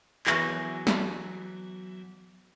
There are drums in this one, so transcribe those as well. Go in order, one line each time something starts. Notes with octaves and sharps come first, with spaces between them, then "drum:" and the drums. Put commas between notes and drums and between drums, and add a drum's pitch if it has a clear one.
E3 F#3 B3 G#4 E5 C#6 A#6, drum: clap
drum: snare